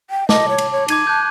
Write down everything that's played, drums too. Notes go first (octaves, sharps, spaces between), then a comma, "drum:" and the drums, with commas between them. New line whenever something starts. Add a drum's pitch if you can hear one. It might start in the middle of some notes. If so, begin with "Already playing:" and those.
G5
D#5 A5 D6, drum: snare
C#5
drum: cymbal
C#5
D#4 D6 G#6 D#7, drum: cymbal
A5 F#6 G6